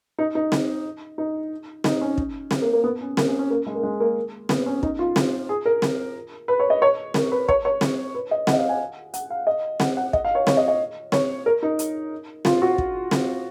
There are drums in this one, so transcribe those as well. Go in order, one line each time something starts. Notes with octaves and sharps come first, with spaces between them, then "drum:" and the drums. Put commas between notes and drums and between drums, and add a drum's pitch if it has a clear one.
D#4
D#4
drum: snare C4
D#4
D#4, drum: snare C4
C#4
drum: kick
drum: snare C4
A#3
A#3
B3
C#4
A#3, drum: snare C4
C#4
C#4
A#3
G#3
A#3
G#3
A#3
B3, drum: snare C4
C#4
D#4, drum: kick
F4
drum: snare C4
G#4
A#4
drum: snare C4
B4
C#5
D#5
C#5
A#4, drum: snare C4
B4
C#5, drum: kick
C#5
drum: snare C4
B4
D#5
F#5, drum: snare C4
D#5
F5
G#5
F#5, drum: hi-hat
F5
D#5
F#5, drum: snare C4
F#5
D#5, drum: kick
F5
C#5
C#5, drum: snare C4
D#5
D#5
C#5, drum: snare C4
A#4
D#4
drum: hi-hat
F4, drum: snare C4
F#4
drum: kick
drum: snare C4